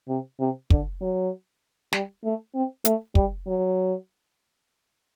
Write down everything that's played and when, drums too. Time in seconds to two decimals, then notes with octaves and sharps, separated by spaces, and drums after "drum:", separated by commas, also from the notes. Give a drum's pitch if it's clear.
0.08 C3
0.40 C3
0.70 D3, drum: kick
1.01 F#3
1.93 G3, drum: snare
2.24 A3
2.55 C4
2.85 A3, drum: hi-hat
3.15 G3, drum: kick
3.47 F#3